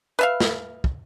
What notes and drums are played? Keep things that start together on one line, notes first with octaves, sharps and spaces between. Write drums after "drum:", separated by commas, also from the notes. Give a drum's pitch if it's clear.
B4 E5 F5
drum: snare
drum: kick